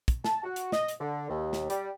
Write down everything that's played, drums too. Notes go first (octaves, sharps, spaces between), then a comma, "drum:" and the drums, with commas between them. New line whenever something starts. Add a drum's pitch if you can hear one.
drum: kick, hi-hat
A5, drum: snare
F#4
drum: hi-hat
D#5, drum: snare
drum: hi-hat
D3
D#2
drum: snare
G3, drum: hi-hat